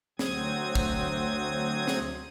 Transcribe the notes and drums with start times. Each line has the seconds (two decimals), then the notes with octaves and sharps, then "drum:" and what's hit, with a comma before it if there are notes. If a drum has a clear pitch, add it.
0.19 D2 F#3 C4 D#6 G#6, drum: snare
0.75 drum: kick
1.88 drum: snare